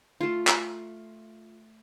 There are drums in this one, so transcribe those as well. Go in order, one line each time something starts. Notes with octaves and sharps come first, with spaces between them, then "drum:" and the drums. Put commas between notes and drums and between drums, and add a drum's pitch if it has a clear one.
A3 F4
drum: clap